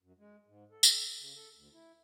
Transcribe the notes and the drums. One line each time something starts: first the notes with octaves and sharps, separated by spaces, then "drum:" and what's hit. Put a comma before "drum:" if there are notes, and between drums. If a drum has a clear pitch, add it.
F#2
G#3
G#2
A4
drum: tambourine
C#3
A4
D2
E4